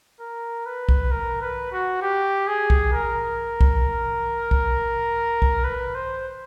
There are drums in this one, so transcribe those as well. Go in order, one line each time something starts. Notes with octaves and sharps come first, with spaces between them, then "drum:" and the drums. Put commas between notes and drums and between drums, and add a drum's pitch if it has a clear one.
A#4
B4
drum: kick B1
A#4
B4
F#4
G4
G#4
drum: kick B1
A#4
drum: kick B1
drum: kick B1
drum: kick B1
B4
C5